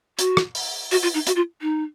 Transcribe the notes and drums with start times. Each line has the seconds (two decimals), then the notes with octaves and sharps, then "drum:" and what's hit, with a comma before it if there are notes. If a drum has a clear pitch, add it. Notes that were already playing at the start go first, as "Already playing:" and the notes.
0.19 F#4, drum: hi-hat
0.37 drum: rim click
0.55 drum: open hi-hat
0.91 F#4, drum: open hi-hat
1.03 F4
1.14 D#4
1.27 F#4, drum: hi-hat
1.36 F4
1.62 D#4